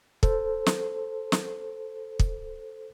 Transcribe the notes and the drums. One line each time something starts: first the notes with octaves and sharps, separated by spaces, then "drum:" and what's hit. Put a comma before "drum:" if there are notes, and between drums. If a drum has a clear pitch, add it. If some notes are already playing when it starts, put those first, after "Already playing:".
A4 C5, drum: kick
drum: snare
drum: snare
drum: kick